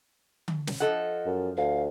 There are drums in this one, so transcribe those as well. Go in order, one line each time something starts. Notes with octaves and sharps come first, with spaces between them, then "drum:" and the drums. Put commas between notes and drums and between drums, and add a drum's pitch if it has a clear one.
drum: tom D3
drum: snare
F3 A4 D#5 F#5
F#2
D2 F5